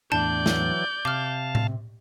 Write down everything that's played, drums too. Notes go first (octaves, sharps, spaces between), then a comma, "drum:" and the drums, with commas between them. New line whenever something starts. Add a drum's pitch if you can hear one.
E2 A2 D4 D5 A5 G6
E3 F#3, drum: snare
C3 F5 A5 D6 F6
drum: tom A2